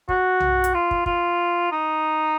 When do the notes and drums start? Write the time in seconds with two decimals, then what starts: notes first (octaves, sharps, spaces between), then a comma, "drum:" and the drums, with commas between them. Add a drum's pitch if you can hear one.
0.09 F#4, drum: kick
0.40 drum: tom B1
0.64 drum: hi-hat
0.74 F4
0.91 drum: kick
1.06 F4, drum: kick
1.72 D#4